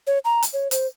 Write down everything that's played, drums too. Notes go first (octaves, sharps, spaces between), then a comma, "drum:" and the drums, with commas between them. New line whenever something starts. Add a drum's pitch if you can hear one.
C#5
A#5
drum: hi-hat
C#5
C5, drum: hi-hat